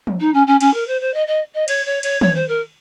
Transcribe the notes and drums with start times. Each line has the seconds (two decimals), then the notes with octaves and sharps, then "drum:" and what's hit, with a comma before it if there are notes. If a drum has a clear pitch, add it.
0.07 drum: tom
0.20 D#4
0.34 C#4
0.47 C#4
0.61 C#4, drum: cymbal
0.74 A#4
0.87 C5
1.01 C5
1.14 D#5
1.27 D#5
1.55 D#5
1.68 C#5, drum: cymbal
1.86 C#5
2.03 C#5, drum: cymbal
2.21 C#5, drum: tom
2.35 C5
2.48 A#4